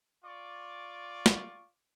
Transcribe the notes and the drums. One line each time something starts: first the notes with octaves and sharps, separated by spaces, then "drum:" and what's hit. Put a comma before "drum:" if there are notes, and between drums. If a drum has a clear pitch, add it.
F4 D5 C#6 D6
drum: snare